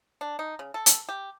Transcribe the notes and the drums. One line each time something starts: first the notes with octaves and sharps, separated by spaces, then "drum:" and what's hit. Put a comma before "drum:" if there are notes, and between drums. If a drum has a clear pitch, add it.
D4
D#4
C#3
A4
drum: hi-hat
G4